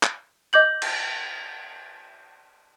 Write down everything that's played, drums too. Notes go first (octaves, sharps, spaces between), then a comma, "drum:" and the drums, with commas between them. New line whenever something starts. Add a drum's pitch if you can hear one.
drum: clap
D#5 D6 G6 F#7
drum: cymbal